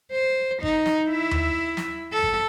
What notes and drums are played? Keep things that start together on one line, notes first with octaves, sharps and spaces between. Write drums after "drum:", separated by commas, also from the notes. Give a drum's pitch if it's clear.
C5
D#4, drum: kick G#1
drum: snare
E4 E5
drum: tom D#2
drum: snare
A4
drum: kick G#1